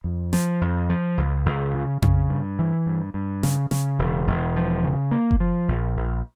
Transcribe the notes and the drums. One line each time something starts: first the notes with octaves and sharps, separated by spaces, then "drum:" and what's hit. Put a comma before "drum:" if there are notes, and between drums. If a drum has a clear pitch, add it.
F2
F3, drum: snare
F2
F3
C#2
C#2
C#3
C#3, drum: tom F2
G2
E3
G2
G2
C#3, drum: snare
C#3, drum: snare
E1
E1
F3
C#3
A#3
drum: kick F#1
F3
A#1
A#1